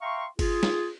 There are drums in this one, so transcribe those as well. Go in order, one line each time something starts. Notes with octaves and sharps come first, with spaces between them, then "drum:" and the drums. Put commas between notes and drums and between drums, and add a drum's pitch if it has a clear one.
E5 F5 G5 A#5 C6 C#6
F4 G#4, drum: kick F#1, cymbal
drum: snare